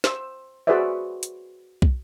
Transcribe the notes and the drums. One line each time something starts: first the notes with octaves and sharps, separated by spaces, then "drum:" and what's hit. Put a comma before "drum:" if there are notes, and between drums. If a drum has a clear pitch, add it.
C5 E6, drum: snare
F#4 G#4 B4 C5 D5 E5
drum: hi-hat
drum: kick